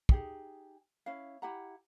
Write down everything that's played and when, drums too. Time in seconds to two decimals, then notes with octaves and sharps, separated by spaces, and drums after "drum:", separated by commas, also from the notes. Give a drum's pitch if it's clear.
0.09 D#4 G4 G#4, drum: kick
1.06 C#4 E4 F5
1.42 E4 G4 F#5 A#5